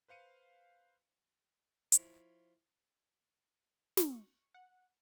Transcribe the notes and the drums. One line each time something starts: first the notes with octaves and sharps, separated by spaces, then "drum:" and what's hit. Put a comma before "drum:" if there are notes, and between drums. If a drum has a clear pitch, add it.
B4 C5 F5 C#7 D#7
F3 E4 C#5, drum: hi-hat
C#6, drum: snare
F#5